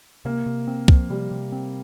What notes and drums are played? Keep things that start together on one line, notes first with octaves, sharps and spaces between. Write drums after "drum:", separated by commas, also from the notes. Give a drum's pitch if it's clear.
C3 A#3
C3
C4
F3, drum: kick C2
C3 G3
C3
C4